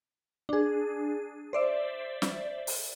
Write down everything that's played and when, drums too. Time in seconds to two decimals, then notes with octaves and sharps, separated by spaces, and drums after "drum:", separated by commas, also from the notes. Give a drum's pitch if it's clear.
0.49 D4 G#4
1.53 C5 D5 E5
2.22 drum: snare
2.67 drum: open hi-hat